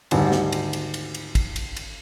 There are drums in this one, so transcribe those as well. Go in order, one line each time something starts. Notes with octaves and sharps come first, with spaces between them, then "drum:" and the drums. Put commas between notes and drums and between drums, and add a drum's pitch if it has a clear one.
G#1 D2 G3, drum: cymbal
drum: snare
drum: cymbal
drum: cymbal
drum: cymbal
drum: cymbal
drum: kick, cymbal
drum: cymbal
drum: cymbal